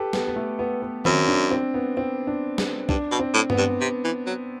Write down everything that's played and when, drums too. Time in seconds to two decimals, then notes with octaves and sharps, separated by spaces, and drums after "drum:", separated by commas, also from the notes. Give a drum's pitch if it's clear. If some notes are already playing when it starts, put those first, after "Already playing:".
Already playing: G4 A4 B4
0.13 B3, drum: snare
0.28 B3
0.36 A3
0.59 B3
0.82 B3
1.05 F#2 C4, drum: tom D#3
1.28 D4
1.51 C4
1.74 B3
1.97 C4
2.27 D4
2.58 B3, drum: snare
2.89 G2 D4, drum: kick B1
3.11 B2
3.19 C4
3.34 A2
3.50 B3, drum: tom G2
3.58 G2
3.81 C3
4.04 E3
4.26 F#3